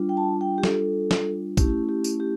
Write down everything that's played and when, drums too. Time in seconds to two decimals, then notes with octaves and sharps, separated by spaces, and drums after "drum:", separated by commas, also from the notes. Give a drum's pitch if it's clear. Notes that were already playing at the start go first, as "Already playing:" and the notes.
Already playing: G3 D4 F4
0.09 G5
0.17 A5
0.41 G5
0.58 G4
0.63 A4, drum: snare
1.11 drum: snare
1.57 A3 C#4 E4 G4, drum: kick, tambourine
1.89 G4
2.04 drum: tambourine
2.20 G4